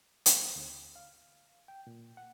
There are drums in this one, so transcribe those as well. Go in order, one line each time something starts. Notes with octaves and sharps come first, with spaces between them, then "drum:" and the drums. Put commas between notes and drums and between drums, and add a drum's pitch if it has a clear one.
B3, drum: hi-hat
D2
F5
G5
A#2
F#5